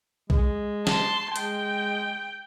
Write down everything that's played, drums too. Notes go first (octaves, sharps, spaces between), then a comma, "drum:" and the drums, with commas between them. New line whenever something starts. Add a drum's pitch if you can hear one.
G#3, drum: kick
A5 C6, drum: snare
G#3 G5, drum: hi-hat